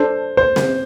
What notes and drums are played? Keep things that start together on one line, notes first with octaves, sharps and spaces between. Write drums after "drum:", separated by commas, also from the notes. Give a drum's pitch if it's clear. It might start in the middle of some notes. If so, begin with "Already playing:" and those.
Already playing: D4 A4 C5
C5
drum: snare C4